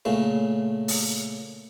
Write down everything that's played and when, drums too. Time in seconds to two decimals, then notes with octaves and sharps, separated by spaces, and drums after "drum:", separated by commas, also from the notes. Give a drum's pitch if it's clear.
0.05 A#2 C#3 A3
0.88 drum: open hi-hat